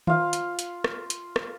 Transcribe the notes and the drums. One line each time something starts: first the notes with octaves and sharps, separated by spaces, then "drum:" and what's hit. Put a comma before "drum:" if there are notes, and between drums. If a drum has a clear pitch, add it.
F4 F5, drum: tom D#3
drum: hi-hat
drum: hi-hat
drum: rim click
drum: hi-hat
drum: rim click